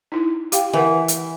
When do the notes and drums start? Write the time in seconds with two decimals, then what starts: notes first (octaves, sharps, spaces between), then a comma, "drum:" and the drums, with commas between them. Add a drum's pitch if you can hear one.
0.12 D#4 E4
0.52 G4 F5 G5, drum: hi-hat
0.73 E3 A#4 B4 F#5
1.08 drum: hi-hat